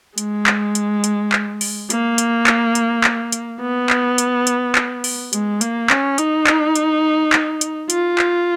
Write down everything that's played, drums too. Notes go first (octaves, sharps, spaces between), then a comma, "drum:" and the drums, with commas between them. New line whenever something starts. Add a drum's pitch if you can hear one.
G#3, drum: hi-hat
drum: clap
drum: hi-hat
drum: hi-hat
drum: clap
drum: open hi-hat
A#3, drum: hi-hat
drum: hi-hat
drum: clap
drum: hi-hat
drum: clap
drum: hi-hat
B3
drum: clap
drum: hi-hat
drum: hi-hat
drum: clap
drum: open hi-hat
G#3, drum: hi-hat
A#3, drum: hi-hat
C#4, drum: clap
D#4, drum: hi-hat
drum: clap
drum: hi-hat
drum: clap
drum: hi-hat
F4, drum: hi-hat
drum: clap